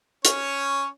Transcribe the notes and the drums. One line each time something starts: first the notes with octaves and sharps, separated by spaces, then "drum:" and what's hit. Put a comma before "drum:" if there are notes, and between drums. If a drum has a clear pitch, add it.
C#4 C#5, drum: hi-hat